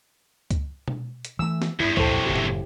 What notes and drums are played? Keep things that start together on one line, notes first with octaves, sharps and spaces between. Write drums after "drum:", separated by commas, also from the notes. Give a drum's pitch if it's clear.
drum: kick C#2, hi-hat
drum: tom B2
drum: hi-hat
E3 A3 E6
drum: snare
E2 G2 D3 E4
A#1 F2 C3 F#3 A4 C5, drum: kick C#2
F#1 A2 G4
drum: tom A2